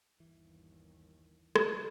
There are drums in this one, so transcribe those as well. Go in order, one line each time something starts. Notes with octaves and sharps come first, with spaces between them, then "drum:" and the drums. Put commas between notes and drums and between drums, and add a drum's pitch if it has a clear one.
G1 D#2 E3
drum: rim click